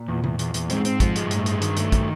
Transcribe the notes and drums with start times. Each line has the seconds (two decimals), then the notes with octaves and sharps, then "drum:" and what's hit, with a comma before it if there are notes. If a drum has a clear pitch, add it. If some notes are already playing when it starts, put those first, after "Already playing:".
Already playing: A#2
0.08 E2
0.24 E2, drum: tom C3
0.39 E2, drum: hi-hat
0.54 E2, drum: hi-hat
0.70 G#2 C4, drum: hi-hat
0.85 C4, drum: hi-hat
1.00 F3, drum: kick, hi-hat
1.16 G2 G#3, drum: hi-hat
1.31 A2, drum: hi-hat
1.46 G#3, drum: hi-hat
1.62 D#3, drum: hi-hat
1.77 A3, drum: hi-hat
1.92 D#3, drum: kick, hi-hat